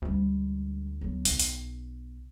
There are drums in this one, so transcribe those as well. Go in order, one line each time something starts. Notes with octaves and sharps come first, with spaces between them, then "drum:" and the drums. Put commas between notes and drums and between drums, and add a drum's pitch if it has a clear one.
D2 G3 G#3
F#3 B3
B1, drum: open hi-hat
drum: open hi-hat